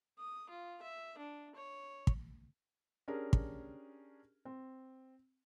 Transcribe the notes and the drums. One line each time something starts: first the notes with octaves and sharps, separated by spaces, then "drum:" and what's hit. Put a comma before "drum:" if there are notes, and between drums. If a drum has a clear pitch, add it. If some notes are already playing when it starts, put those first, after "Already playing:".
D#6
F4
E5
D4
C#5
drum: kick
C#4 D4 G4 G#4 A#4
drum: kick
C4